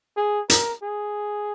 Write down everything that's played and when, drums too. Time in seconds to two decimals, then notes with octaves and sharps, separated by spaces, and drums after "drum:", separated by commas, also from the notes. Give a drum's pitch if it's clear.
0.17 G#4
0.50 A#4, drum: hi-hat
0.83 G#4